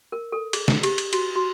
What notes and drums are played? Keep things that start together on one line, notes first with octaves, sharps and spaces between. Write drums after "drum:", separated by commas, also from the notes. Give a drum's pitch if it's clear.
A#4
A4
G#4, drum: cymbal
drum: snare
G4, drum: cymbal
drum: cymbal
F#4, drum: cymbal
F#4